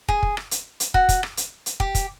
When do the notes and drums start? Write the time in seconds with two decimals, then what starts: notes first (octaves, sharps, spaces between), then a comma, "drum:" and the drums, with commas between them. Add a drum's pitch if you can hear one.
0.08 G#4, drum: kick
0.23 drum: kick
0.37 drum: rim click
0.51 drum: hi-hat
0.80 drum: hi-hat
0.94 F#4, drum: kick
1.09 drum: kick, hi-hat
1.23 drum: rim click
1.37 drum: hi-hat
1.66 drum: hi-hat
1.80 G4, drum: kick
1.95 drum: kick, hi-hat